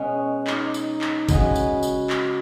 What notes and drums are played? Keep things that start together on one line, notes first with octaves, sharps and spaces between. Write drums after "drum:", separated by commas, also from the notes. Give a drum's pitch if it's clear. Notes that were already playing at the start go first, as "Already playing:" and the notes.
Already playing: B2 G#3 C#4
D#4, drum: clap
drum: tambourine
drum: clap
C#3 G#3 B3 F#4, drum: kick G1, tambourine
drum: tambourine
drum: tambourine
drum: clap